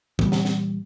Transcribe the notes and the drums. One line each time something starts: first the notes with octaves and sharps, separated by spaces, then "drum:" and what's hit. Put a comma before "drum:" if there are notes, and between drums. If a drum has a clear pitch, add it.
A#2 E3 G3, drum: tom
drum: snare
drum: snare